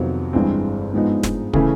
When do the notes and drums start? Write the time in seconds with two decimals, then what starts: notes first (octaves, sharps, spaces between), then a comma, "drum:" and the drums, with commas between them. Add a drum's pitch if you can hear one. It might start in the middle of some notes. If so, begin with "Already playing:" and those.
Already playing: F2 C3 D#3 F#3 B3
0.33 G1 G2 E3 G#3 C4
0.93 G#2 F3 G#3 B3 D#4
1.23 drum: snare
1.53 C#3 E3 A3 C#4, drum: kick